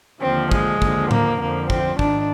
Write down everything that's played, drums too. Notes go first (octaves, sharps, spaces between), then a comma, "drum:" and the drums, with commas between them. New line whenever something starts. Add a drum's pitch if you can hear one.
D#2 D3 F3 C4
G#3, drum: kick
D#2 D3 F3, drum: kick
A#3, drum: tom A2
F2 D3 F3 A#3
C4, drum: kick
G#2 D#3 D4, drum: kick